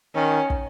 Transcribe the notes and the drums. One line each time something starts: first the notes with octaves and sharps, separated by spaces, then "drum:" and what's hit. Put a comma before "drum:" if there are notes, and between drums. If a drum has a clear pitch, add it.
D#3 C#4
drum: kick